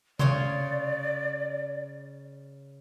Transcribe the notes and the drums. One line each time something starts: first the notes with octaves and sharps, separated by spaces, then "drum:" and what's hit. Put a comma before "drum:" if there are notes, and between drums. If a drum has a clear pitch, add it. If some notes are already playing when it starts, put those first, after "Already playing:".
C#3 C#5 D5 C6, drum: tom C3